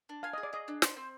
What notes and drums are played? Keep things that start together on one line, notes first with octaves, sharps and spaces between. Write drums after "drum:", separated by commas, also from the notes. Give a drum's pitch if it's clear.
D4
F5 G#5
G#4 D#5
D5
G#4 D#5
D4
C5, drum: snare
C4